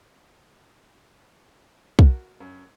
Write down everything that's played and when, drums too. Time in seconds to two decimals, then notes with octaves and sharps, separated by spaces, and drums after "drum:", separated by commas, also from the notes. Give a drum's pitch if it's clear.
1.99 F#4 A#4, drum: kick
2.40 F#2